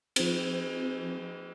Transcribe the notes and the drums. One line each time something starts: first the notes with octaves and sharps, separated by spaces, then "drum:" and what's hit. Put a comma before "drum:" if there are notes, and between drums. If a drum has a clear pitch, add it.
F3 C4, drum: cymbal